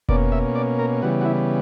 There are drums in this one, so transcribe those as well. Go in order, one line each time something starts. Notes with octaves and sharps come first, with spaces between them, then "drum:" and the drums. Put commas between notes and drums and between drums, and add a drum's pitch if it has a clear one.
B2 A#3 C#4 D5, drum: kick F1
E5
D5
A#4
C#3 E3 G3 B3 F#4
F#4
E4